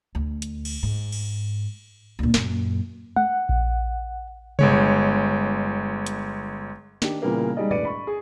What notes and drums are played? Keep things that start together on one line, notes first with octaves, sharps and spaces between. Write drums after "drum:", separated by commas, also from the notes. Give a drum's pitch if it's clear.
D2
drum: hi-hat
drum: cymbal
G#2
drum: cymbal
D2 A#2
F#2 A#2, drum: snare
F#5, drum: tom G#3
drum: kick A#1
G1 G#3 C#5, drum: tom C3
drum: hi-hat
D#3 D4 G4, drum: snare
A#2 C#3 E3 G3 A#3 B3
G3 G#3 D#4 D5 D#5
E1 A2 B4 D5 C#7 D#7
B5 C#6
G#4